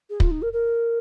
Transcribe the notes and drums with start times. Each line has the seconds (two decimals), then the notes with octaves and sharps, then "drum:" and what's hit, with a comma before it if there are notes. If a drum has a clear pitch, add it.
0.10 G#4
0.20 F4, drum: kick
0.31 D#4
0.42 A#4
0.53 A#4